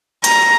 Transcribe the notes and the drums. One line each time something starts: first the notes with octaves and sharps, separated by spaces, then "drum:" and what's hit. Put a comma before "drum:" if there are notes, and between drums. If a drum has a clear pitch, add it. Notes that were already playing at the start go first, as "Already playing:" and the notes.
A#5, drum: hi-hat